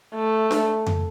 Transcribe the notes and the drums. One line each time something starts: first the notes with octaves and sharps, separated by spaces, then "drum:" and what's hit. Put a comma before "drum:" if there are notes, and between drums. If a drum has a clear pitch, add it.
A3
drum: snare D4
drum: tom F2